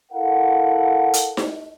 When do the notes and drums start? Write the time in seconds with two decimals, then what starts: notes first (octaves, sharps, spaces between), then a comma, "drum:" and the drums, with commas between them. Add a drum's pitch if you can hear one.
0.12 E4 A4 A#4 F5 F#5
1.14 drum: hi-hat
1.37 drum: snare D#4